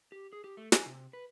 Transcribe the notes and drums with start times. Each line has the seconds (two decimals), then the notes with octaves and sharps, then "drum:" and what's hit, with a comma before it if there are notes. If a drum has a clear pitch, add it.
0.12 G4
0.33 G#4
0.44 G4
0.57 A3
0.72 G#5, drum: snare
0.86 C3
1.13 B4